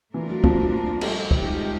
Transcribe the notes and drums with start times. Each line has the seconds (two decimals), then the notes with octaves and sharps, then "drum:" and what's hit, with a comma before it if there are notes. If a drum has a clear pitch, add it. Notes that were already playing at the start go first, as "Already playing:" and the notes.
0.14 E3 A3 D4 F4 A#4
0.29 F#3
0.44 F3, drum: kick
1.01 G3, drum: cymbal
1.31 G#3 C4 D#4 G4, drum: kick